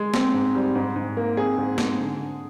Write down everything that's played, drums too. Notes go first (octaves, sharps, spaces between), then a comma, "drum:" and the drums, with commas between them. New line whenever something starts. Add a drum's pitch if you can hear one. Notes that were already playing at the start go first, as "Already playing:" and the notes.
Already playing: G#3
C4, drum: snare
G#2
G3
G#2
G#2
A#3
C4 G#4
G#2
G#3, drum: snare
D3
D3